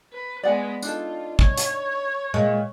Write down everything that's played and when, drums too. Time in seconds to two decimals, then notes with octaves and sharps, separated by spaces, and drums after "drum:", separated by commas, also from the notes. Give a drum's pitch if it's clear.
0.13 B4
0.43 G#3 B3 D5 F#5 G#5
0.83 D4 D#4 F4 A4, drum: tambourine
1.39 C#5, drum: kick
1.58 drum: hi-hat
2.34 A#2 G#3